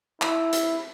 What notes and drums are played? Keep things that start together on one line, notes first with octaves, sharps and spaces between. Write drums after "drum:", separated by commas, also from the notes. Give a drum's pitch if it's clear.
E4, drum: clap
drum: hi-hat